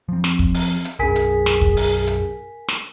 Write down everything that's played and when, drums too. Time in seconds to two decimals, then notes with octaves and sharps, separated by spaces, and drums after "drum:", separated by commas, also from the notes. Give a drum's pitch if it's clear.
0.09 F3 C4
0.24 drum: snare
0.39 drum: kick
0.54 drum: open hi-hat
0.85 drum: hi-hat
0.99 B1 F#2 C#4 G#4 A#4 G#5 B6
1.16 drum: hi-hat
1.46 drum: snare
1.61 drum: kick
1.77 drum: open hi-hat
2.07 drum: hi-hat
2.68 drum: snare